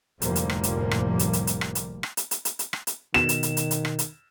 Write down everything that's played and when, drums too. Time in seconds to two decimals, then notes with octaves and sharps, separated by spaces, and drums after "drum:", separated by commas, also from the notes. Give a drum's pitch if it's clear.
0.22 F1 D2 A2 F3 G3 A#3, drum: hi-hat
0.36 drum: hi-hat
0.50 drum: rim click
0.63 drum: hi-hat
0.91 drum: rim click
1.19 drum: hi-hat
1.33 drum: hi-hat
1.47 drum: hi-hat
1.61 drum: rim click
1.75 drum: hi-hat
2.03 drum: rim click
2.17 drum: hi-hat
2.31 drum: hi-hat
2.45 drum: hi-hat
2.59 drum: hi-hat
2.73 drum: rim click
2.87 drum: hi-hat
3.14 B2 D#3 E7, drum: rim click
3.29 drum: hi-hat
3.43 drum: hi-hat
3.57 drum: hi-hat
3.71 drum: hi-hat
3.85 drum: rim click
3.99 drum: hi-hat